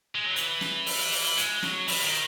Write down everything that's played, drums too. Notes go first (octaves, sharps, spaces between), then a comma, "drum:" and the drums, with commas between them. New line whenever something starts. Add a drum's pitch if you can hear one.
G#3
F#3
E3, drum: hi-hat
drum: snare
drum: open hi-hat
drum: open hi-hat
G#3, drum: hi-hat
F#3, drum: snare
E3, drum: open hi-hat
D#3